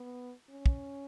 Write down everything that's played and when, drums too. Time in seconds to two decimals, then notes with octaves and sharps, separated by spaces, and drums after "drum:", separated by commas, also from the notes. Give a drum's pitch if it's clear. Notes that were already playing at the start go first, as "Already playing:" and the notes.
Already playing: B3
0.49 C#4
0.66 drum: kick